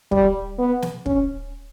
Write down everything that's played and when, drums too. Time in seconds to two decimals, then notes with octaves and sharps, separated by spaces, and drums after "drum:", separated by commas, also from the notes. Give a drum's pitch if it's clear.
0.12 G3, drum: kick
0.59 B3
0.82 drum: snare
1.06 C#4, drum: kick